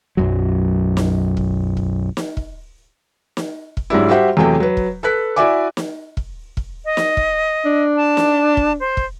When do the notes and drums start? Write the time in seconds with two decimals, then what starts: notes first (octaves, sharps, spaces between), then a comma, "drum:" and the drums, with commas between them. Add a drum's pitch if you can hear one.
0.17 B1 F#2 F#3
0.97 drum: snare
1.37 drum: kick
1.77 drum: kick
2.17 drum: snare
2.37 drum: kick
3.37 drum: snare
3.77 drum: kick
3.90 G#2 F#3 G3 D4 E4
4.09 G3 F#4 G4 C5 E5 F#5
4.37 E2 C3 F#3 A3 G5
4.60 F#3 B4
4.77 drum: kick
5.03 A4 B4 F#6 B6
5.36 E4 F#4 D5 E5 G#5 D6
5.77 drum: snare
6.17 drum: kick
6.57 drum: kick
6.85 D#5
6.97 drum: snare
7.17 drum: kick
7.65 D4
7.97 A5
8.17 drum: snare
8.57 drum: kick
8.80 C5
8.97 drum: kick